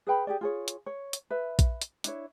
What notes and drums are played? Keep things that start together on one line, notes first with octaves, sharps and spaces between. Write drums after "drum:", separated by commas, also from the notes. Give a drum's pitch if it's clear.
G#4 B4 G5 B5
G4 G#4 D5
F4 G#4 C#5
drum: hi-hat
C#5
drum: hi-hat
B4 E5
drum: kick A#1, hi-hat
drum: hi-hat
D4 E4 C#5, drum: hi-hat